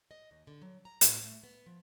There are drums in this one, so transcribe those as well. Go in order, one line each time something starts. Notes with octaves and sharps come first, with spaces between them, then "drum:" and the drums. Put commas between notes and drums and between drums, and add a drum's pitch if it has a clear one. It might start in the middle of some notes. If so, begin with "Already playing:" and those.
D#5
D#2
D3
F#3
A#5
A2, drum: hi-hat
A3
B3
F3